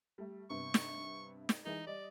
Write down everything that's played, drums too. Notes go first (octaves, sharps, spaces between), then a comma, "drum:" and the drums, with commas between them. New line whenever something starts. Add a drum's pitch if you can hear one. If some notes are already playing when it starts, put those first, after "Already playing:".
G3 A3
G2 C3 B3 C#6
drum: snare
drum: snare
E3 G#3 D#4
G3 D5 D#5